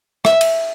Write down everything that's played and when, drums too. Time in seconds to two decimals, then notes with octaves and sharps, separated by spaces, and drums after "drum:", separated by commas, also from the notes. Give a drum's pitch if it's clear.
0.25 E5, drum: rim click
0.41 drum: cymbal